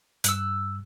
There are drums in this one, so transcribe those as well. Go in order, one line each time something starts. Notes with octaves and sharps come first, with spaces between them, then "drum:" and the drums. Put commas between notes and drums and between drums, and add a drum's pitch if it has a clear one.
G2 E6 F#6, drum: hi-hat